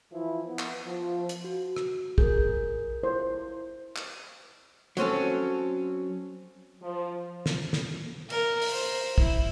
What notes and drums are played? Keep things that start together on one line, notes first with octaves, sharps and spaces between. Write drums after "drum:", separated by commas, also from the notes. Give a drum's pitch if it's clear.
E3 F3 E4
B3
drum: clap
F3
drum: hi-hat
F#4
drum: rim click
G#4 A#4 G6, drum: kick
E4 C5
drum: clap
F#3 C4 C#4 A4, drum: hi-hat
F3
drum: snare
drum: snare
A#4, drum: cymbal
drum: open hi-hat
C5
E4, drum: kick